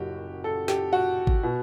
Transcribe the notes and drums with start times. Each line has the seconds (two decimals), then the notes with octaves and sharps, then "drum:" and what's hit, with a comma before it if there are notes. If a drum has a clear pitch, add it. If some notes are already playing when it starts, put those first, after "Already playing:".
Already playing: F#1 F#2 F#4 G4
0.44 A4
0.68 G4, drum: snare
0.93 F#4
1.27 drum: kick G#1
1.43 B2